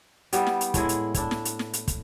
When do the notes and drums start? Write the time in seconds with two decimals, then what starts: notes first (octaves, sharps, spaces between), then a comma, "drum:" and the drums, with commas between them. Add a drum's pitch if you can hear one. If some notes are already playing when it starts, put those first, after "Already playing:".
0.33 G3 B3 E4 G4, drum: hi-hat
0.47 drum: snare
0.61 drum: hi-hat
0.74 A2 G#3 E4, drum: kick, hi-hat
0.89 drum: hi-hat
1.14 D4 E4, drum: kick, hi-hat
1.31 drum: snare
1.45 drum: hi-hat
1.59 drum: snare
1.73 drum: hi-hat
1.88 drum: kick, hi-hat